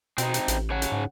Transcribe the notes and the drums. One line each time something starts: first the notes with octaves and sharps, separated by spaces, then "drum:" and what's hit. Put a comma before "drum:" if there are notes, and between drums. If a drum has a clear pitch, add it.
B2 C4 D#4, drum: hi-hat
drum: hi-hat
A1, drum: hi-hat
C#3 C#5 F#5
drum: hi-hat
G#2